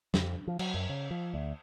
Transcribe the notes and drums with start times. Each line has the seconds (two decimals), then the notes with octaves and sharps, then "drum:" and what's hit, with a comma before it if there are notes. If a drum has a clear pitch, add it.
0.14 F2, drum: snare
0.47 F3
0.59 F#3, drum: cymbal
0.74 F#2
0.89 C#3
1.11 F3
1.34 D2